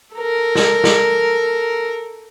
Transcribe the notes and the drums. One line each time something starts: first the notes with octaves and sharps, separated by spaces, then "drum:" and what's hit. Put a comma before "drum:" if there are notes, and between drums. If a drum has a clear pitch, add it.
A4 A#4
drum: snare
drum: snare